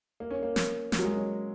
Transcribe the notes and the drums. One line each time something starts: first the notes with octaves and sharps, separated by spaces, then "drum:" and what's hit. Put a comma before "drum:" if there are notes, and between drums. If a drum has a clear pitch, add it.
A#3
C#4
A#3
drum: snare
A#3, drum: snare
F#3
G#3
C#4